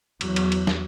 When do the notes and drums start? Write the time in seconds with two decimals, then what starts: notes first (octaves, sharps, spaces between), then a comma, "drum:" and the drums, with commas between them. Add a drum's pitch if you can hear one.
0.21 E2 F#3, drum: cymbal
0.36 drum: cymbal
0.52 drum: cymbal
0.67 drum: snare